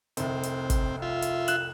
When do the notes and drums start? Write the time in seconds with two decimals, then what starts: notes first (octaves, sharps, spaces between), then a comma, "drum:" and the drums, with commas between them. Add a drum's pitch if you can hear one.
0.17 F1 C2 C4, drum: hi-hat
0.43 drum: hi-hat
0.70 drum: kick, hi-hat
1.02 F4 E5
1.22 drum: hi-hat
1.48 F#6 E7 F#7, drum: hi-hat